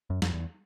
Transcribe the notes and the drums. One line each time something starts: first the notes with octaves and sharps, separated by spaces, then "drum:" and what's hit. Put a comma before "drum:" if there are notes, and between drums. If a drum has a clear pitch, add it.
F#2
F2, drum: snare
E2